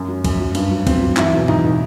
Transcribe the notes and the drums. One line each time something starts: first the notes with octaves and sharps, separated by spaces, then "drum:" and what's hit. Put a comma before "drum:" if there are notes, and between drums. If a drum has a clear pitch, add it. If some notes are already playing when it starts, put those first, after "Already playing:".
Already playing: F#2
F#3
F#2, drum: kick, cymbal
F#3
G2, drum: cymbal
F#3
G2 C4, drum: kick, cymbal
F#3
E2 E4, drum: clap
B2 F#3
E2 D#4, drum: tom G#2
B2 F#3 D#4